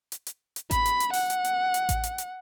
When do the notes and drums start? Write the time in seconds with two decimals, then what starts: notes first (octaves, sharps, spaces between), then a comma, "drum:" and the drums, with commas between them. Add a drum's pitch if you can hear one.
0.12 drum: hi-hat
0.27 drum: hi-hat
0.56 drum: hi-hat
0.71 B5, drum: kick A1, hi-hat
0.86 drum: hi-hat
1.00 drum: hi-hat
1.13 F#5, drum: open hi-hat
1.30 drum: hi-hat
1.45 drum: hi-hat
1.74 drum: hi-hat
1.89 drum: kick A1, hi-hat
2.03 drum: hi-hat
2.18 drum: hi-hat